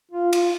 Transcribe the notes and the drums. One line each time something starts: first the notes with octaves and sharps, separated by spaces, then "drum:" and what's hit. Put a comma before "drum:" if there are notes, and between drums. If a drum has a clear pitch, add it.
F4
F4, drum: cymbal